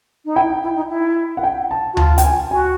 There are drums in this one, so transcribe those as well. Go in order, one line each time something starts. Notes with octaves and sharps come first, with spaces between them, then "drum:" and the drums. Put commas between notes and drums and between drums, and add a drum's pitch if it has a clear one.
D#4
E4 G5
E4
D#4
E4
F#5
G5
A5
F#4
F4 A5, drum: tom D2
G5, drum: hi-hat
G#5
F#4 G#5